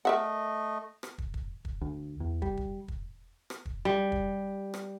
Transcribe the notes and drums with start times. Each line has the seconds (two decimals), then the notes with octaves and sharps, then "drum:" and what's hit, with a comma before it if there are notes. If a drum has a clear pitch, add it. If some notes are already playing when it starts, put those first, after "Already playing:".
0.05 A3 A#4 D#5 E5 F#5
1.03 drum: rim click
1.18 drum: kick
1.34 drum: kick
1.65 drum: kick
1.81 D2
2.20 E2
2.42 G3, drum: kick
2.57 drum: kick
2.88 drum: kick
3.50 drum: rim click
3.66 drum: kick
3.85 G3
4.12 drum: kick
4.74 drum: rim click